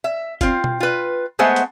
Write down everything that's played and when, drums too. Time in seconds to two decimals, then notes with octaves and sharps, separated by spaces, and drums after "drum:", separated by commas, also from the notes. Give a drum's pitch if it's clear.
0.04 E5
0.41 C4 F4, drum: kick F1, hi-hat
0.64 drum: tom B2
0.80 F4 B4
1.39 G#3 A3 B3 C5 E5 F#5
1.56 drum: hi-hat